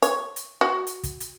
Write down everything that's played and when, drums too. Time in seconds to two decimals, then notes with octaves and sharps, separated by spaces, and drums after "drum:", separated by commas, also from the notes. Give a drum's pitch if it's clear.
0.02 C#5, drum: hi-hat
0.36 drum: hi-hat
0.61 F#4
0.87 drum: hi-hat
1.03 drum: kick, hi-hat
1.20 drum: hi-hat